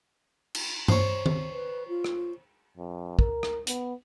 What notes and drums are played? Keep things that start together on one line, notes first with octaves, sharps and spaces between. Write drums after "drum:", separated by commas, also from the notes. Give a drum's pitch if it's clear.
drum: cymbal
C5 C#5, drum: tom G2
drum: tom D#3
B4
F4
drum: rim click
F2
A#4, drum: kick
drum: rim click
B3, drum: hi-hat